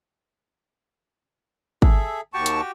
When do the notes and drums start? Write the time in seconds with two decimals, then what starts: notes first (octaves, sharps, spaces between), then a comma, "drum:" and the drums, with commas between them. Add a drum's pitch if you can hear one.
1.82 G#4 A4 E5, drum: kick
2.34 D#2 F#4 G4 G5 A5 C#6
2.46 drum: hi-hat